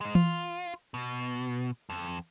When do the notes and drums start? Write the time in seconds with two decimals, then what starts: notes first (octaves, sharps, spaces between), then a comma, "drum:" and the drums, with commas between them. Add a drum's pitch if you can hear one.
0.01 G#3 D#4
0.15 F4, drum: tom E3
0.94 B2
1.90 F2